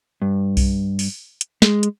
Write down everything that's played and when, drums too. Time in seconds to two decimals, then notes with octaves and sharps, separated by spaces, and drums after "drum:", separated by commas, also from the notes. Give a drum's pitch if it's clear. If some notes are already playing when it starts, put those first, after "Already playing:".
0.22 G2
0.57 drum: kick B1, open hi-hat
0.99 drum: open hi-hat
1.41 drum: hi-hat
1.62 G#3, drum: snare
1.83 drum: hi-hat